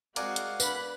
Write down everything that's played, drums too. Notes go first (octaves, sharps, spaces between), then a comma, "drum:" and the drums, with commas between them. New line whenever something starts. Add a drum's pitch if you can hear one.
G#3 C4 F#4 A#4 D5 F5 F#5 G#5, drum: hi-hat
drum: hi-hat
D4 B4 B5, drum: tambourine